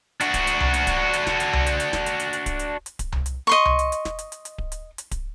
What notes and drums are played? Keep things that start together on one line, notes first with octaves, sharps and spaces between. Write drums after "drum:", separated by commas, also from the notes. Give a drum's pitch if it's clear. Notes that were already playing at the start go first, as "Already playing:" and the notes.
D4 F#4, drum: hi-hat
drum: kick D1, hi-hat
drum: hi-hat
drum: tom C2
drum: hi-hat
drum: kick D1, hi-hat
drum: hi-hat
drum: snare
drum: hi-hat
drum: tom C2
drum: hi-hat
drum: hi-hat
drum: snare
drum: hi-hat
drum: hi-hat
drum: hi-hat
drum: kick D1, hi-hat
drum: hi-hat
drum: hi-hat
drum: kick D1, hi-hat
drum: tom C2
drum: hi-hat
D#5 C6 C#6
drum: tom C2
drum: hi-hat
drum: hi-hat
drum: snare
drum: hi-hat
drum: hi-hat
drum: hi-hat
drum: kick D1
drum: hi-hat
drum: hi-hat
drum: kick D1, hi-hat